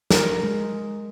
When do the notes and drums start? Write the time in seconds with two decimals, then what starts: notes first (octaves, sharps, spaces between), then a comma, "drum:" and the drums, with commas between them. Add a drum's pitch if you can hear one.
0.11 A#4, drum: snare
0.43 G#3